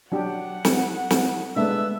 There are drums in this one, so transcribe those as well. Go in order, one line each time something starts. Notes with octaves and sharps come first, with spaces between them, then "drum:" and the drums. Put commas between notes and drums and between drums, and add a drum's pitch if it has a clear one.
F#3 D4 G4 F#5
drum: snare
drum: snare
G#3 A3 B3 D4 E5 E6